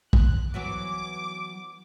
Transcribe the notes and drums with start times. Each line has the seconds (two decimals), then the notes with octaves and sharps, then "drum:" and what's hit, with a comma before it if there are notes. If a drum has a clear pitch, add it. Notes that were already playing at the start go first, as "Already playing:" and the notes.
0.13 F#6, drum: kick
0.54 E3 F#3 B3 D6